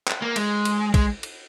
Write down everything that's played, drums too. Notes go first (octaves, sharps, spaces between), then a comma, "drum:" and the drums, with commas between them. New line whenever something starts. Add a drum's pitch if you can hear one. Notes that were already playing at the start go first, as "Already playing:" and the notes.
drum: clap
A#3
G#3, drum: cymbal
drum: cymbal
G#3, drum: kick, cymbal
drum: cymbal